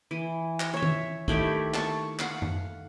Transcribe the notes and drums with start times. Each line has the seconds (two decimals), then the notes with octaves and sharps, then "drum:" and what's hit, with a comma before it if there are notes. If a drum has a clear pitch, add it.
0.11 E3
0.60 drum: clap
0.74 C#5 E5
0.83 drum: tom D#3
1.28 D#3 A3 E4 G4, drum: kick
1.74 A5 C#6, drum: clap
2.19 F5 F#5, drum: clap
2.42 drum: tom F#2